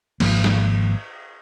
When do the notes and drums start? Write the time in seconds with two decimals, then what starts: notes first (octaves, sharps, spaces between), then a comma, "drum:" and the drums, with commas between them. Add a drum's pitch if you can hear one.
0.20 G#1 G#2 F3 A#3, drum: cymbal
0.44 drum: snare